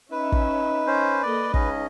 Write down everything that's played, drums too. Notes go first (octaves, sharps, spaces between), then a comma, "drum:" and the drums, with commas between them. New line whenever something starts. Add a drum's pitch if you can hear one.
C#4 D#4 B4 E5
drum: kick
C#4 C5
A#3 A4 D5 D#5
C#2 C#4 D#4 G#4 D#5, drum: kick